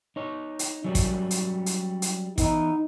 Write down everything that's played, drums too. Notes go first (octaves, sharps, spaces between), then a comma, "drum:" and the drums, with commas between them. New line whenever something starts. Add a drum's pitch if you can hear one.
D#4 C#5
drum: hi-hat
F#3 G3 C#4
drum: kick, hi-hat
drum: hi-hat
drum: hi-hat
drum: hi-hat
E3 B3 D#4, drum: kick, hi-hat